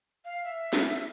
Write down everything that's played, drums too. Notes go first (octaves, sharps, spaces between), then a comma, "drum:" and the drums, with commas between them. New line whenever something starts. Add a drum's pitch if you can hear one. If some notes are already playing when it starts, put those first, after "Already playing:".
F5
E5
drum: snare